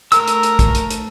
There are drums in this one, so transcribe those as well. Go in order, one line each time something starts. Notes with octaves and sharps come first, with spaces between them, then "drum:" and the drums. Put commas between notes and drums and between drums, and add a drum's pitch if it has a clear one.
A3 A#4 E6, drum: hi-hat
drum: hi-hat
drum: hi-hat
drum: kick, hi-hat
drum: hi-hat
drum: hi-hat